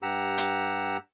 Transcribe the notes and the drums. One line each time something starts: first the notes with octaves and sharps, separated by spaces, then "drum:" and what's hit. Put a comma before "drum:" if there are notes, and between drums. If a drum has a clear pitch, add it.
G2 G4 F#5 A#5 E6
drum: hi-hat